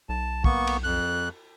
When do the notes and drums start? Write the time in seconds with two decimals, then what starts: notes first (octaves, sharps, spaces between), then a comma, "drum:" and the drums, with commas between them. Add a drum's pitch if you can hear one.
0.09 B1 A5
0.44 A#3 B3 C#6, drum: kick B1
0.67 drum: cymbal
0.84 F2 F#6